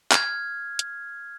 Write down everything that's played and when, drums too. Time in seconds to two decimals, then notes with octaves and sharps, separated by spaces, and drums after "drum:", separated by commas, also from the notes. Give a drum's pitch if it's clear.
0.12 F6 G#6, drum: clap
0.79 drum: hi-hat